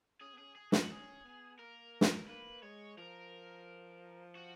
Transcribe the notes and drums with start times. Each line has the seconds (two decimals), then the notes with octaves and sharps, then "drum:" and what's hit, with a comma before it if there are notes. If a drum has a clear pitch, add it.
0.21 C#4 G#4
0.34 B3
0.38 C#4 G#4
0.55 G#4
0.72 D#4 F#4, drum: snare
0.90 C#4 G#4
1.25 B3
1.59 A#3 A#4
2.01 drum: snare
2.28 A#3 B4
2.63 G#3 C#5
2.97 F3 A#4
4.36 F#4